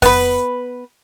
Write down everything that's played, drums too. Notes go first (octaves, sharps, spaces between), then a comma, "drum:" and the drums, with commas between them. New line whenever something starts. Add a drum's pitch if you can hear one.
B3 B4, drum: kick F2, open hi-hat